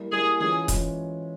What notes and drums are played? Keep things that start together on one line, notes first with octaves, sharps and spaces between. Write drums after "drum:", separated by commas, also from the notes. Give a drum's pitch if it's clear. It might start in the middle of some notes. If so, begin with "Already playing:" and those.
Already playing: G3 A#3 E4
G3 A#3 E4 G#4
E3 G#3 C#4 F4 G#4
E3 G#3 C#4 F4, drum: kick D#1, hi-hat